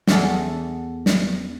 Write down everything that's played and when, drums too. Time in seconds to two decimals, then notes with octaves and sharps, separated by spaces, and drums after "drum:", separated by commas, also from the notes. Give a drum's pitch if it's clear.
0.07 E2 A4, drum: snare
1.06 drum: snare